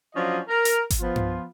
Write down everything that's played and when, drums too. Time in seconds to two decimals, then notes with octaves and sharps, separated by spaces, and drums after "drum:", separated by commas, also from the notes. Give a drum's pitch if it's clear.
0.15 F3 F#3 C#4 D4 F4 D#5
0.48 A#4
0.65 drum: hi-hat
0.90 drum: kick G#1, hi-hat
1.00 F3 B3 F4
1.16 drum: tom G2